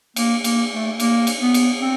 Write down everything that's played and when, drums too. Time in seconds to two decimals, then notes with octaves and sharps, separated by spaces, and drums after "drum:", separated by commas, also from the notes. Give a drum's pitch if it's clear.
0.16 A#3, drum: cymbal
0.44 A#3, drum: cymbal
0.72 A3
1.00 A#3, drum: cymbal
1.27 drum: cymbal
1.41 B3
1.54 drum: cymbal
1.81 C4